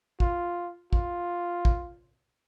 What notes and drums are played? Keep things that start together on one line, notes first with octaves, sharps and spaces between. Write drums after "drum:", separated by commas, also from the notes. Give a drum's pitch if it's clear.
F4, drum: kick
F4, drum: kick
drum: kick